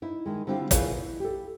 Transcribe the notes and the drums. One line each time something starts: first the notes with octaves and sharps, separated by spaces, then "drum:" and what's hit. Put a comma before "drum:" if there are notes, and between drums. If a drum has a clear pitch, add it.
D#4 E4
D#3 G#3
D3 G3 C4 E4 F4
B2 E4 F4 G#4 A#4 B4, drum: kick, hi-hat
E4
G4 A4